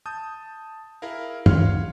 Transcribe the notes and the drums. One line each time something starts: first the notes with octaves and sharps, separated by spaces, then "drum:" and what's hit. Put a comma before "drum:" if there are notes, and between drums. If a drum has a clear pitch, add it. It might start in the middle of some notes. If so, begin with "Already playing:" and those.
A5 D#6 G6
E4 G#4 A#4 F5
C#5 F5 F#5 C6 F6, drum: tom